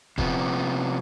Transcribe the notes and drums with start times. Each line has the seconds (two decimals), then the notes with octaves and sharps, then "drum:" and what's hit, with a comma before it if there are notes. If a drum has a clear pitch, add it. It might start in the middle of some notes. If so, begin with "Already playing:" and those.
0.18 C3 F3 B3, drum: kick